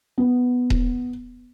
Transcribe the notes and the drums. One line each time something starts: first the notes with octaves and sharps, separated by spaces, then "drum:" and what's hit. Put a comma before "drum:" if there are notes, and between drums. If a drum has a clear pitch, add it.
B3
drum: kick D#1